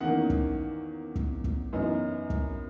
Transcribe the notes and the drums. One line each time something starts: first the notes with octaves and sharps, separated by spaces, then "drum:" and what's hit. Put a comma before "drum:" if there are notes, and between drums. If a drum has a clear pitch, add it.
E2 D#3 A#3 C#4 F#5
drum: kick
drum: kick
drum: kick
F#2 E3 B3 D#4
drum: kick